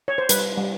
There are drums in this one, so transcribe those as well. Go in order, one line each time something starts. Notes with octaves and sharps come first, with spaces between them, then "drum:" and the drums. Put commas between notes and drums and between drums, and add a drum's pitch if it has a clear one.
C#5
C5
G3 B4, drum: hi-hat
G3